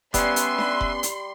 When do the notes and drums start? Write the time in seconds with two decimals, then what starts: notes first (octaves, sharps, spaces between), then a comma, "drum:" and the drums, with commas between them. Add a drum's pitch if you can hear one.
0.14 G3 B3 C#4 B4 E5 C6, drum: kick F1, hi-hat
0.36 drum: hi-hat
0.58 drum: snare D4
0.81 drum: kick F1
1.03 drum: hi-hat